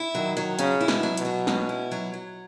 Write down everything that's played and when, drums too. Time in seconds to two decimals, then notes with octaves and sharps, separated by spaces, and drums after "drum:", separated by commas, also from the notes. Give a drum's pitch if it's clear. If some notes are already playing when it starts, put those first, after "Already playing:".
Already playing: E4
0.15 D#3 F#3
0.37 F#3
0.59 C#3 C#4, drum: hi-hat
0.81 E4
0.88 B2, drum: snare
1.03 F#3
1.17 B2, drum: hi-hat
1.25 F#3
1.47 C#4, drum: snare
1.69 E4
1.92 F#3
2.14 F#3